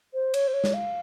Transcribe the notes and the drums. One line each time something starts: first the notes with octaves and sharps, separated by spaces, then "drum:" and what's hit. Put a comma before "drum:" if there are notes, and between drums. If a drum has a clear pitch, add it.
C5
C#5, drum: cymbal
C5
C#5
drum: snare
F5